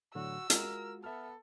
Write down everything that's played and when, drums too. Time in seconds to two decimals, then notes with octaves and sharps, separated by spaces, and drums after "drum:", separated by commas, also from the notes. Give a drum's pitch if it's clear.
0.15 A2 D3 F#3 F#4 E6
0.50 G#3 F4 F#4 A#4, drum: hi-hat
1.04 B3 A4 E5 F6